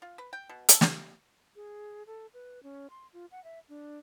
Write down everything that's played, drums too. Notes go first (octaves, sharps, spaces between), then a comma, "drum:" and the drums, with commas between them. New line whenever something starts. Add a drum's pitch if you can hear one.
F4
B4
G5
B2
A4, drum: hi-hat
D4, drum: snare
G#4
A4
B4
C#4
C6
F4
F#5
E5
D4